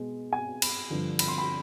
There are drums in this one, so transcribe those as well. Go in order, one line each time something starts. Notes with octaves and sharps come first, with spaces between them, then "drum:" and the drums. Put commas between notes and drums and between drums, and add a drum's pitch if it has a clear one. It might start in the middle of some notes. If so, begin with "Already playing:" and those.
Already playing: B2 G#3 B3
G#5
B5, drum: cymbal
G2 D3 F3
B5, drum: cymbal
C6
B5